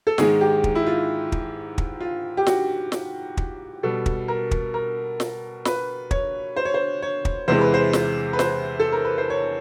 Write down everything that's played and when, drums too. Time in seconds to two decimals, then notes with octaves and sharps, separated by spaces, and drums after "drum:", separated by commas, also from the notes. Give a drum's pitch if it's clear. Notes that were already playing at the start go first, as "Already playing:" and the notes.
0.07 A4
0.18 G#2 D#3 G#3 G#4, drum: snare
0.41 G4
0.64 drum: kick
0.75 E4
0.87 F4
1.32 drum: kick
1.78 drum: kick
2.01 F4
2.37 G4
2.47 F#4, drum: snare
2.92 drum: snare
3.37 drum: kick
3.83 B2 G3 A4
4.06 drum: kick
4.28 A#4
4.51 drum: kick
4.74 A#4
5.20 drum: snare
5.65 B4, drum: snare
6.11 C#5, drum: kick
6.56 C5
6.65 C#5
6.74 C5
7.02 C#5
7.25 drum: kick
7.48 E2 C3 E3 G#3 C5
7.61 B4
7.74 C5
7.93 drum: snare
8.33 B4
8.39 C5, drum: snare
8.80 A4
8.92 A#4
9.05 B4
9.18 C5
9.30 C#5